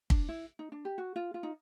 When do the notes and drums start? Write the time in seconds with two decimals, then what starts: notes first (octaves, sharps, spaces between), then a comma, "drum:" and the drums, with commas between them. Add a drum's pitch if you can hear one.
0.10 D4, drum: kick
0.29 E4
0.59 D#4
0.72 D4
0.85 G4
0.98 F#4
1.16 F4
1.34 F4
1.43 D#4